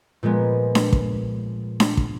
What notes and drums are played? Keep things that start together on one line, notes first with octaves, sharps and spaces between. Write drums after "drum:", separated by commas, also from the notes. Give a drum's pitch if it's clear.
A#2 F3 G#3 B3
drum: snare D4
drum: kick
drum: snare D4
drum: kick